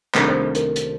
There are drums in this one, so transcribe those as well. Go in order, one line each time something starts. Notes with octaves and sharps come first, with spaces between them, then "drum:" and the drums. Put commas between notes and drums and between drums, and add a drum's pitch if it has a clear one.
C2 C3 D#3 A3 D4 A#4, drum: clap
C5
A4
A#4, drum: hi-hat
drum: hi-hat